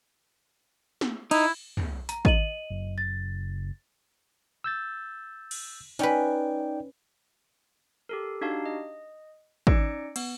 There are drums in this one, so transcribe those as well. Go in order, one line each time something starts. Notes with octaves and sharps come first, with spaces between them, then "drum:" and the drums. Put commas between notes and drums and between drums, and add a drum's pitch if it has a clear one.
drum: snare
D#4 E4, drum: cymbal
drum: tom
A#5, drum: hi-hat
D#5 D#7 F#7, drum: kick
F#1
A6
E6 G6 A6
drum: cymbal
C#4 D#4 B4 D5 G5, drum: hi-hat
G4 A4 A#4
D4 D#4 F#4 G4 F5 A5
D#5
C#4 D#4 D5 A#6 C#7 D7, drum: kick
B3, drum: cymbal